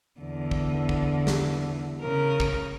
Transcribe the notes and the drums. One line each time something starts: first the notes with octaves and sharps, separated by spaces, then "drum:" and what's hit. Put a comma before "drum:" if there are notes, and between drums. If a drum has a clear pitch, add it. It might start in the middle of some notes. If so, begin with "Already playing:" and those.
E2 D3
drum: kick
drum: kick
drum: snare
C#3 A#4
drum: kick